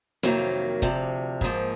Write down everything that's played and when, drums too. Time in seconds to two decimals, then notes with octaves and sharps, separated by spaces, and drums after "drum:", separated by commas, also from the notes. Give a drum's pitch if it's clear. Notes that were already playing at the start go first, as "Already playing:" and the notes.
0.23 F2 C3 D#3 F#3 A#3, drum: snare E4
0.82 D2 C3 F3, drum: kick
1.41 G#2 F3 A#3, drum: kick